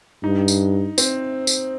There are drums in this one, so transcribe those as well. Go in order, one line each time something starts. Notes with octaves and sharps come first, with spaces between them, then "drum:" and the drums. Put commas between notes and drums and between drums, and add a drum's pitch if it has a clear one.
G2 D#4
drum: tambourine
C4, drum: tambourine
drum: tambourine